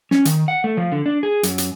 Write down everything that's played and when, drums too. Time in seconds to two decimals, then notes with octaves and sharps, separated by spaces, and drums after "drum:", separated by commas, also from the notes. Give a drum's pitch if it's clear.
0.11 C#4, drum: snare
0.25 D#3, drum: hi-hat
0.48 F#5
0.64 A3
0.77 F3
0.92 D3
1.06 D4
1.23 G#4
1.43 F#2, drum: hi-hat
1.58 drum: hi-hat